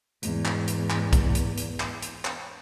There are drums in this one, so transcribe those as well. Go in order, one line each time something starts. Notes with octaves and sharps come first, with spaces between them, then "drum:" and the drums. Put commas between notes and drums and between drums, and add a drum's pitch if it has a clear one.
E2 G#2, drum: hi-hat
drum: clap
drum: hi-hat
drum: clap
drum: kick, hi-hat
drum: hi-hat
drum: hi-hat
drum: clap
drum: hi-hat
drum: clap